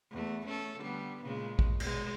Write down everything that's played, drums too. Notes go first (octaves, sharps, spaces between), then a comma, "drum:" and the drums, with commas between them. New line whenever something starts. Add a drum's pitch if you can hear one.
E2 A3
A3 C#4 A4
D3 G3 B3
A#2 C#3 G#3
drum: kick A1
B2 G#3, drum: cymbal